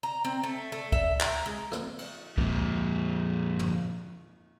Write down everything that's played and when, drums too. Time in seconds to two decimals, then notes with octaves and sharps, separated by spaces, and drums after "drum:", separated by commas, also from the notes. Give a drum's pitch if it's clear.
0.03 A#5
0.25 C4
0.43 A3
0.72 A3
0.92 E5, drum: kick
1.21 A#4, drum: clap
1.46 G#3
1.72 drum: rim click
1.98 drum: cymbal
2.38 F2 A#2, drum: kick
3.59 drum: tom